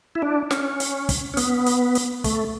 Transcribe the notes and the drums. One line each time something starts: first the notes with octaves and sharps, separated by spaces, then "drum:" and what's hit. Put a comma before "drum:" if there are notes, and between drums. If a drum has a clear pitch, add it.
E4
D4
C#4, drum: snare
drum: hi-hat
drum: kick, hi-hat
C#4
B3, drum: hi-hat
drum: hi-hat
drum: hi-hat
A3, drum: kick, hi-hat